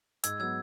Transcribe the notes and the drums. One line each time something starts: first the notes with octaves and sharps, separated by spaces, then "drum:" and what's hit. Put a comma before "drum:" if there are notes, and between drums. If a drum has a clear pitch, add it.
G#2 E6 G#6, drum: hi-hat
F#3 B3 E6 G#6